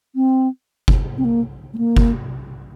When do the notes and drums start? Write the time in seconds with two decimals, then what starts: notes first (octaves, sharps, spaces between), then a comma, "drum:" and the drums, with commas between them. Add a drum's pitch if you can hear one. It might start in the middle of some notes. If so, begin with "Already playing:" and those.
0.15 C4
0.88 drum: kick F#1
1.18 C4
1.25 A#3
1.74 A3
1.78 A#3
1.97 drum: kick F#1